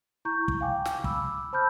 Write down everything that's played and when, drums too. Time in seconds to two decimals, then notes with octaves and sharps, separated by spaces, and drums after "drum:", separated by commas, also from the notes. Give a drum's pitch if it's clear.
0.25 E4 A#5 C#6 G6
0.48 drum: kick
0.61 F5 G5 G#5 D6
0.85 drum: snare
1.04 B5 D6 E6, drum: kick
1.53 C5 A5 B5 E6 F6 G6